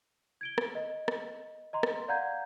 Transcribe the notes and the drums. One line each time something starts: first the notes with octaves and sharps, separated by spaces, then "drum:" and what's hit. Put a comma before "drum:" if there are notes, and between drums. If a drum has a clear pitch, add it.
G#6 D7 G7
drum: rim click
D#5
drum: rim click
D#5 A#5 C6
drum: rim click
D5 F5 F#5 A#5 G6 G#6